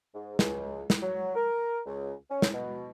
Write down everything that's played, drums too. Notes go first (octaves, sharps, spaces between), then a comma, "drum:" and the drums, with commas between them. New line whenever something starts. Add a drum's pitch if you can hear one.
G#2
C#2, drum: snare
drum: snare
F#3
A#4
C#2
C#4
drum: snare
B2